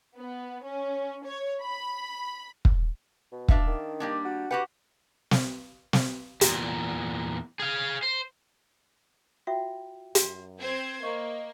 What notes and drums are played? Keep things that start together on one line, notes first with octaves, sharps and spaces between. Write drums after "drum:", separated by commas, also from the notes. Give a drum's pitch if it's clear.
B3
C#4
C#5
B5
drum: kick
B2
D4 E5 F5, drum: kick
D#3
G3 A#3 D4
F#4
F#4 G4 B4 F#5
drum: snare
drum: snare
E2 A#2, drum: hi-hat
G#4 F5
C5
F4 F#4 E5 G5
F#2, drum: hi-hat
C4 C5 G#6
A#3 D#5 C#6